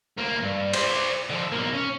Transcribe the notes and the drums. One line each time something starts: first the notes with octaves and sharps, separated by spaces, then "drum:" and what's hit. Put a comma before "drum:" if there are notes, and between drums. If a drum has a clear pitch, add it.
D2 A#3
G2
C5 D5, drum: cymbal
D3 F3
B1 A#3
C#4